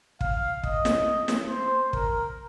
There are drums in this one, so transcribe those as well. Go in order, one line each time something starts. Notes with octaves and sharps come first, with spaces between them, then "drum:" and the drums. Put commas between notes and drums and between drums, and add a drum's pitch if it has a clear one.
F5, drum: kick
D#5, drum: kick
drum: snare
drum: snare
C5
A#4, drum: kick